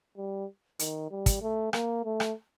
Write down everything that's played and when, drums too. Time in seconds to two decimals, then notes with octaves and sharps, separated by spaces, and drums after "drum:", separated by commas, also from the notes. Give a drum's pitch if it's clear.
0.17 G3
0.79 D#3, drum: hi-hat
1.11 G3
1.26 drum: kick, hi-hat
1.41 A3
1.73 A#3, drum: rim click
2.04 A3
2.20 drum: rim click